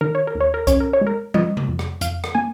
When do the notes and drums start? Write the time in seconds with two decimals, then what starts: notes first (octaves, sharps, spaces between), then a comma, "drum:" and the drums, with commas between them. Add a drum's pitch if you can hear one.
0.01 D#3 A#4
0.15 C#5
0.27 A#4
0.35 D#2
0.40 C#5
0.54 A#4
0.67 C#4 C#5, drum: kick C2, hi-hat
0.80 A#4
0.93 C#5
1.01 G#3
1.07 A#4
1.34 F3 D#5, drum: tom
1.57 drum: tom C3
1.68 F2
1.79 drum: rim click
2.01 F2 F5, drum: hi-hat
2.24 drum: rim click
2.35 A#3 G#5